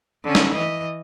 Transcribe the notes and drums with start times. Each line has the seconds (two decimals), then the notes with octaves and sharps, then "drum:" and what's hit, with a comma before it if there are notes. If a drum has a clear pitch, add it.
0.24 D3 C#4
0.35 drum: snare
0.54 E3 D#5